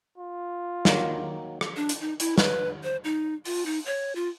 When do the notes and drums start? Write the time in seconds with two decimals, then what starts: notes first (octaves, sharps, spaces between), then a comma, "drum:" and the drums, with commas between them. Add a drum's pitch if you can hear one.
0.18 F4
0.85 D#3 F#3 A#3, drum: snare
1.61 drum: rim click
1.76 D4
1.89 drum: hi-hat
2.01 D#4
2.20 E4, drum: hi-hat
2.38 B4, drum: snare
2.83 C5
3.04 D#4
3.45 F4, drum: open hi-hat
3.66 D#4
3.86 C#5
4.15 F4